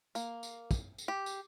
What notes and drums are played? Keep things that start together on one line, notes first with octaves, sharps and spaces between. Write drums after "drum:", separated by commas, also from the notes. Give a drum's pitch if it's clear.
A#3, drum: tambourine
drum: tambourine
drum: kick, tambourine
drum: tambourine
G4
drum: tambourine